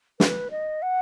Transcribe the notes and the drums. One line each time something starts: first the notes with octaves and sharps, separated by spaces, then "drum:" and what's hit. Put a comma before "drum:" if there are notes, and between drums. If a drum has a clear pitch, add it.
B4, drum: snare
D#5
F#5